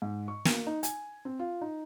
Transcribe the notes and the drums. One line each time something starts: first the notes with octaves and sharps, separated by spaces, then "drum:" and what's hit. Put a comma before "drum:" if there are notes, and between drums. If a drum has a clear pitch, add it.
G#2
C#6
A#3, drum: snare
D#4
G#5, drum: hi-hat
C4
F4
D#4